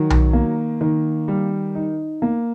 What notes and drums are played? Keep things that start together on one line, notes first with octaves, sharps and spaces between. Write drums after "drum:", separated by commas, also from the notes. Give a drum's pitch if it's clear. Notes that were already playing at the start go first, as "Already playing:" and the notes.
Already playing: D#3 F#3
drum: tom B1
A#3
D#3
G3
D#4
A#3